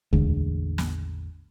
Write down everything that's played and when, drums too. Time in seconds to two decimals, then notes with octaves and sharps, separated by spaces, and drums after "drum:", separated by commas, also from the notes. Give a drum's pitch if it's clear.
0.13 A1 E2 D3 G#3, drum: kick D2
0.78 drum: snare